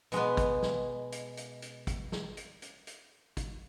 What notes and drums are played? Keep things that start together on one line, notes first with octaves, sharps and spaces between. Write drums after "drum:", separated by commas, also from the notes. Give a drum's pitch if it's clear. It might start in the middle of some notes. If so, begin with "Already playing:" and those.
B2 G#3 B3, drum: hi-hat
drum: kick, hi-hat
drum: snare
drum: hi-hat
drum: hi-hat
drum: hi-hat
drum: kick, hi-hat
drum: snare
drum: hi-hat
drum: hi-hat
drum: hi-hat
drum: kick, hi-hat